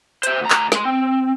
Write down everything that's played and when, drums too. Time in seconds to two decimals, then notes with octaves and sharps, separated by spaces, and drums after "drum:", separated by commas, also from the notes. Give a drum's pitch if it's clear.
0.23 C5 E5, drum: hi-hat
0.41 D2 A#5
0.50 drum: clap
0.72 G#3 C6, drum: snare
0.85 C4